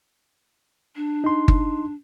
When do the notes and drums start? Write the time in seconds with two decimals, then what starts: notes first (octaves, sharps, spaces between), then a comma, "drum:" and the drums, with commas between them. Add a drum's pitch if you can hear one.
0.96 D4
1.24 D#4 C6
1.48 drum: kick G1